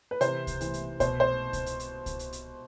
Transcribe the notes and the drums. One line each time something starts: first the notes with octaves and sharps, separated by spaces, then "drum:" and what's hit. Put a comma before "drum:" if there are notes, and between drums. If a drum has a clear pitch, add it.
B4
C3 E3 C5, drum: hi-hat
drum: kick C2, hi-hat
C3 E3, drum: hi-hat
drum: hi-hat
B2 C5, drum: kick C2, hi-hat
C5
drum: kick C2, hi-hat
drum: hi-hat
drum: hi-hat
drum: kick C2, hi-hat
drum: hi-hat
drum: hi-hat